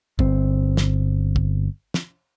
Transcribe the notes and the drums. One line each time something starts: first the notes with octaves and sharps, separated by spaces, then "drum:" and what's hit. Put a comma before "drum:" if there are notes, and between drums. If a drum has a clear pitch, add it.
G1 C4, drum: kick
drum: snare
drum: kick
drum: snare